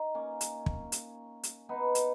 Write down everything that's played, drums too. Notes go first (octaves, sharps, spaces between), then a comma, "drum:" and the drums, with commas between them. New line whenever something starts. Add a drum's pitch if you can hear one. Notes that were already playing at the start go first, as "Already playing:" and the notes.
Already playing: D#4
A#3 C#4
drum: hi-hat
drum: kick
drum: hi-hat
drum: hi-hat
B3 D#4
drum: hi-hat